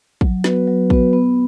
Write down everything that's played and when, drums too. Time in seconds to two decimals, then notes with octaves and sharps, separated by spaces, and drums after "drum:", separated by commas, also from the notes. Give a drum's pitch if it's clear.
0.21 F#3, drum: kick
0.44 B3 F#4 B4, drum: snare
0.67 F#3
0.90 B3 F#4 B4, drum: kick
1.13 B3